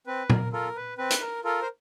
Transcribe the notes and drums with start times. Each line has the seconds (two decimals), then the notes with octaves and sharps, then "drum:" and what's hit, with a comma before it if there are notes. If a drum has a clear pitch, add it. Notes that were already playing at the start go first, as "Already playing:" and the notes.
0.07 C4 B4
0.30 A#4, drum: tom A#2
0.52 F4 A4 A#4
0.76 B4
0.98 C4 B4
1.10 drum: hi-hat
1.21 A#4
1.44 F4 A4 A#4
1.62 C5